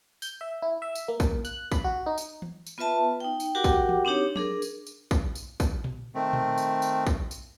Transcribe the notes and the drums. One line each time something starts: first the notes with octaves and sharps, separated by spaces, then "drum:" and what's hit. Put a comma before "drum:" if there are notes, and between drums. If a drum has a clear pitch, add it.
G6, drum: tambourine
E5
E4
E5
drum: tambourine
A#3
drum: kick, tambourine
F#6, drum: tambourine
B5, drum: kick, tambourine
F#4
D#4
drum: tambourine
drum: tom E3
drum: tambourine
B3 F4 B4 E5 A5
D#4 G5
drum: tambourine
F#4 G4 A#4 F#5 G5 D6
drum: kick, tambourine
drum: tom E3
C4 D4 D#4 G4 C#5
D4 G#4 A#4, drum: tom F3
drum: tambourine
drum: tambourine
drum: kick, tambourine
drum: tambourine
drum: kick, tambourine
drum: tom A#2
D#3 A3 C4
drum: tom A#2
drum: tambourine
drum: tambourine
drum: kick, tambourine
drum: tambourine